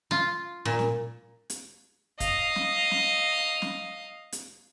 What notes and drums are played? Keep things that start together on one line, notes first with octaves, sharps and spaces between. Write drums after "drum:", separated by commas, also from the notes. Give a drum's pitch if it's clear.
F4, drum: snare
A#2
drum: snare
drum: hi-hat
D#5 F5, drum: kick, hi-hat
drum: snare
drum: snare
drum: snare
drum: hi-hat